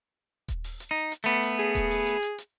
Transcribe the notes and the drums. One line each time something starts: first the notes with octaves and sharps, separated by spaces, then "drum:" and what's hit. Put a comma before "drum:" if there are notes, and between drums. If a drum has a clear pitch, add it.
drum: kick D#1, hi-hat
drum: open hi-hat
drum: hi-hat
D#4
drum: hi-hat
A3 B3
drum: hi-hat
G#4
drum: kick D#1, hi-hat
drum: open hi-hat
drum: hi-hat
drum: hi-hat
drum: hi-hat